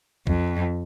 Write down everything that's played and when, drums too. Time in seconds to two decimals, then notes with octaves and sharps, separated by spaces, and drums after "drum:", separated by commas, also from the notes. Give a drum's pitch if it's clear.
0.27 F2, drum: kick B1